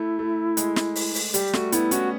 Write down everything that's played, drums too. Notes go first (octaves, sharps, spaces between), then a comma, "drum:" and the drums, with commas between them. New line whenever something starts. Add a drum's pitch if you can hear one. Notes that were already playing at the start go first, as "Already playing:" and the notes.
Already playing: A3 E4
A3
G#3, drum: hi-hat
drum: snare
drum: open hi-hat
drum: open hi-hat
G3 G4, drum: hi-hat
A3 F#4, drum: snare
B3 E4, drum: hi-hat
C#4 F#4, drum: hi-hat